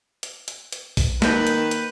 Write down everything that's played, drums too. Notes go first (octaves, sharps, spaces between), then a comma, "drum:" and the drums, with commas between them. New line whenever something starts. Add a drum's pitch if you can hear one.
drum: hi-hat
drum: hi-hat
drum: hi-hat
drum: kick A#1, open hi-hat
D#3 A#3 B4 G6, drum: snare
drum: hi-hat
drum: hi-hat